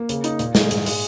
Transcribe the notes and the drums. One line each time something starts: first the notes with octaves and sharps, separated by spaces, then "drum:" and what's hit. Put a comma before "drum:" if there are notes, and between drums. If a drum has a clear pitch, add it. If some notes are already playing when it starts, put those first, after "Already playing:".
Already playing: A#3
C#3, drum: hi-hat
D#4, drum: hi-hat
A#2, drum: hi-hat
G#3, drum: snare
G#2, drum: hi-hat
G#3, drum: open hi-hat